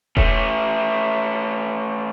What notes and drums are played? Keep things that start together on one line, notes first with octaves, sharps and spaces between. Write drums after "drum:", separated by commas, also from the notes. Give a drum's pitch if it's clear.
A3 C#4, drum: kick E1